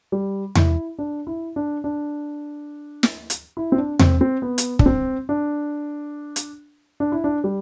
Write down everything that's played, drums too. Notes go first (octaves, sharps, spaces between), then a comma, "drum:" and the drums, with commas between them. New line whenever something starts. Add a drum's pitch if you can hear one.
G3
E4, drum: tom E2
D4
E4
D4
D4
drum: snare
drum: hi-hat
E4
C4
D4
C4, drum: tom E2
C4
B3
drum: hi-hat
D4, drum: kick
C4
D4
drum: hi-hat
D4
E4
D4
G3